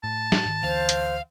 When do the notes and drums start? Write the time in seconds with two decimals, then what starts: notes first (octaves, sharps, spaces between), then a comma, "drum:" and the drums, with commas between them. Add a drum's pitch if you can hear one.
0.04 A2 A5
0.32 drum: snare
0.45 G#2 D#3
0.63 D2 D3 E3 C5 F5
0.89 drum: hi-hat